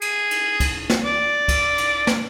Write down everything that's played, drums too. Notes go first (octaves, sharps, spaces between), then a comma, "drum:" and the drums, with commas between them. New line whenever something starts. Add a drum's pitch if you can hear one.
G#4, drum: cymbal
drum: cymbal
drum: kick, cymbal
drum: snare
D5
drum: kick, cymbal
drum: cymbal
drum: snare